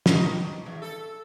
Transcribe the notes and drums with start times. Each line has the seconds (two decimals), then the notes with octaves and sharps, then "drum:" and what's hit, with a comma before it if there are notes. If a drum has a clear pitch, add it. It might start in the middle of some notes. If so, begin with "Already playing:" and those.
0.06 D#3, drum: snare
0.32 B2
0.66 E2
0.82 A4